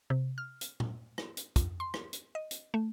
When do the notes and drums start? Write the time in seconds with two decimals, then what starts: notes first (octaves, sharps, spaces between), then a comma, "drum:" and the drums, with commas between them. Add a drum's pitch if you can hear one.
0.10 C3
0.38 F6
0.61 drum: hi-hat
0.80 drum: tom A#2
1.18 drum: rim click
1.37 drum: hi-hat
1.56 F2, drum: kick, hi-hat
1.80 C6
1.94 drum: rim click
2.13 drum: hi-hat
2.35 D#5
2.51 drum: hi-hat
2.74 A3